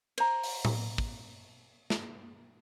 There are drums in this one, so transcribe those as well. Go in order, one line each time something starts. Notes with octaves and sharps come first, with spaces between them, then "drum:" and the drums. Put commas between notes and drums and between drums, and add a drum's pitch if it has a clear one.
C5 A#5, drum: cymbal
drum: open hi-hat
drum: tom A2
drum: kick
drum: snare